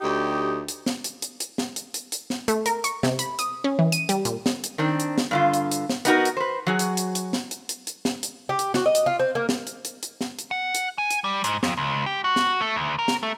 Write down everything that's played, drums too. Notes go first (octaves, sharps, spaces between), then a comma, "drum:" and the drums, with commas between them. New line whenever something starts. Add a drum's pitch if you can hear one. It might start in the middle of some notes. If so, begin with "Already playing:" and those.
D2 D#4 G4
drum: hi-hat
drum: snare
drum: hi-hat
drum: hi-hat
drum: hi-hat
drum: snare
drum: hi-hat
drum: hi-hat
drum: hi-hat
drum: snare
A3, drum: hi-hat
A#4, drum: hi-hat
C#6, drum: hi-hat
C3, drum: snare
B5, drum: hi-hat
D#6, drum: hi-hat
C#4
E3
D#7, drum: hi-hat
G3, drum: hi-hat
A#2, drum: hi-hat
drum: snare
drum: hi-hat
D#3 C4 D4
drum: hi-hat
drum: snare
G2 D3 F4
drum: hi-hat
drum: hi-hat
drum: snare
B3 D#4 F#4 A#4, drum: hi-hat
drum: hi-hat
B4 C5
F#3 F#4 G#4
drum: hi-hat
drum: hi-hat
drum: hi-hat
drum: snare
drum: hi-hat
drum: hi-hat
drum: hi-hat
drum: snare
drum: hi-hat
G4
drum: hi-hat
F#4, drum: snare
D#5
drum: hi-hat
F4
C4
A#3
drum: snare
drum: hi-hat
drum: hi-hat
drum: hi-hat
drum: snare
drum: hi-hat
F#5
drum: hi-hat
G#5
drum: hi-hat
G3
G#2, drum: hi-hat
F2, drum: snare
C#2
G4
F#4
drum: snare
A3
D2
A#4
drum: snare
A3